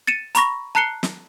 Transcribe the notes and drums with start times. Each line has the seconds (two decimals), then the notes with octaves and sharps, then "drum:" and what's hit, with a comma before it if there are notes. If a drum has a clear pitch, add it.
0.07 A6 C#7 D#7 E7
0.35 A#5 B5 C#6 A#6, drum: hi-hat
0.75 A5 A#5 F#6 C7 C#7 G7
1.03 drum: snare